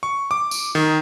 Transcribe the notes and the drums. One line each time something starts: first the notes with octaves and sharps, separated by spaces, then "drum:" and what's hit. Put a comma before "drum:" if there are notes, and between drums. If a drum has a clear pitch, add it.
C#6
D6
drum: tambourine
D#3